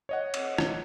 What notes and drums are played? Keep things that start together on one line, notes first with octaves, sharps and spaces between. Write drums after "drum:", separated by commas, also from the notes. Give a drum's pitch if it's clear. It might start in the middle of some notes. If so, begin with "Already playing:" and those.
C#5 D#5 F#5
drum: cymbal
drum: rim click